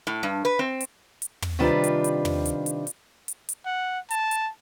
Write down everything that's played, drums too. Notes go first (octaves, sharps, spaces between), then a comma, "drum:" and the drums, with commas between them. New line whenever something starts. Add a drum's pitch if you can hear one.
A2
G2
B4
C4
drum: hi-hat
drum: hi-hat
drum: tom
C3 D#3 G3 D4 F4 B4
drum: hi-hat
drum: hi-hat
drum: tom
drum: hi-hat
drum: hi-hat
drum: hi-hat
drum: hi-hat
drum: hi-hat
F#5
A5, drum: hi-hat
drum: hi-hat